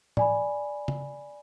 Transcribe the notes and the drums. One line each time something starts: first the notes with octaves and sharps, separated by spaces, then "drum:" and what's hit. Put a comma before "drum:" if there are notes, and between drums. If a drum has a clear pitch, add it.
D5 G#5 B5, drum: tom A2
drum: tom